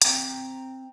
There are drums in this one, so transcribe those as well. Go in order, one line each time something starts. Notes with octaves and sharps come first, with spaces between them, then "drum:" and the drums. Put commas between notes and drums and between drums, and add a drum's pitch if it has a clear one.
C4 G5 A#5, drum: hi-hat